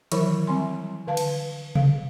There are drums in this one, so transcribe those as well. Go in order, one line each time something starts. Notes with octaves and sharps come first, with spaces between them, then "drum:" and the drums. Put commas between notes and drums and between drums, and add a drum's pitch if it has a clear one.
D#3 E3 F#3 E4 A#4 B5, drum: hi-hat
G3 C4 G#5 C6
D3 B4 F5 A5
drum: cymbal
F5, drum: tom C3